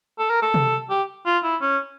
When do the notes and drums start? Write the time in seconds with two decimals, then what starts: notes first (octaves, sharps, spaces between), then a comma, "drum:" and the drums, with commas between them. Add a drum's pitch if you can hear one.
0.19 A4
0.30 A#4
0.42 A4
0.54 drum: tom C3
0.90 G4
1.26 F4
1.44 E4
1.61 C#4